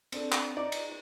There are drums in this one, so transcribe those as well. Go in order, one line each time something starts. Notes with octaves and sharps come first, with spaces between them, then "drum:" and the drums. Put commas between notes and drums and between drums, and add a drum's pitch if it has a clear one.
C4 D4 A4, drum: cymbal
drum: clap
D#4 D5
drum: cymbal